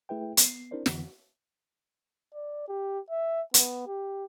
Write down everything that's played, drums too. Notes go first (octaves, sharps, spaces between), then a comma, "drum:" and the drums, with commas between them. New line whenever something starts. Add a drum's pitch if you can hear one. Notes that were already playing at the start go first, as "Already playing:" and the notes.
A3 E4 G#4 B4 E5 G5
B3 C7, drum: hi-hat
C4 D4 E4 A#4 C5 D5
F2 D3 E3 B3, drum: snare
D5
G4
E5
B3, drum: hi-hat
G4